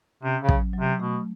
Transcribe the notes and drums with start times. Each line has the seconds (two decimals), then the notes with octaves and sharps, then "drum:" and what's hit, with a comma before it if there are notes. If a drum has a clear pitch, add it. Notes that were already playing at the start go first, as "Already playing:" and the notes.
0.23 C3 C#4
0.42 C#3
0.49 F#3, drum: kick
0.74 F#3
0.80 C3
1.00 B2 A3